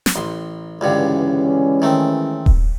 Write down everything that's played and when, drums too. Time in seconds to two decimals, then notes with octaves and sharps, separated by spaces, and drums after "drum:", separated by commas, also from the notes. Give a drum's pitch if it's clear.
0.06 drum: snare
0.16 A1 C6
0.81 C#2 G2 D3 E3 G#3 C#4
1.82 D#3 A3 C4
2.46 drum: kick D#1